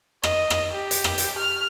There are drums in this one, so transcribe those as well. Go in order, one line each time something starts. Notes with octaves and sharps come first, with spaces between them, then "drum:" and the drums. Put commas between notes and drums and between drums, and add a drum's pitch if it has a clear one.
D#5, drum: rim click
drum: rim click
G4
drum: hi-hat
drum: rim click
drum: hi-hat
F6